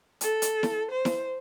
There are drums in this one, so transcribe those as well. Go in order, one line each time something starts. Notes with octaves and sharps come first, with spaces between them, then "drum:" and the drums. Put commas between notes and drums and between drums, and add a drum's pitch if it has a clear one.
A4, drum: hi-hat
drum: hi-hat
drum: snare E4
C5
drum: snare E4